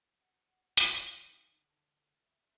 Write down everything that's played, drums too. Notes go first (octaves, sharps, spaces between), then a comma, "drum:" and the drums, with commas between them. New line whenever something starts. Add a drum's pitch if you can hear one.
F#5
E3, drum: hi-hat
D#4
D3
E5